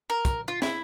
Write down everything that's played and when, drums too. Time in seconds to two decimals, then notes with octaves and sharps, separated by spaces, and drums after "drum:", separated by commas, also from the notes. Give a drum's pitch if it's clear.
0.10 A#4
0.25 drum: kick, hi-hat
0.48 F4
0.62 E4, drum: snare